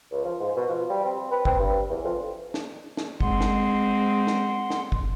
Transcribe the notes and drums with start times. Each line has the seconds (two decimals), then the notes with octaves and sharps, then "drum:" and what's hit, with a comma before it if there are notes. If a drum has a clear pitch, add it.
0.11 C#2
0.25 F3
0.40 G#2
0.57 B2
0.69 F3
0.89 G3
1.05 C4
1.31 B4
1.45 C4, drum: kick
1.59 G2
1.89 E2
2.04 F2
2.54 drum: snare
2.97 drum: snare
3.21 G#3 C4 F#5 C6, drum: kick
3.41 drum: snare
4.27 drum: snare
4.70 drum: snare
4.92 drum: kick